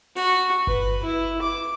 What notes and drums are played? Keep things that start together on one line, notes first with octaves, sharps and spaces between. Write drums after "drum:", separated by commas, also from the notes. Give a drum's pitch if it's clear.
F#4, drum: open hi-hat
B4, drum: kick G1
E4
D6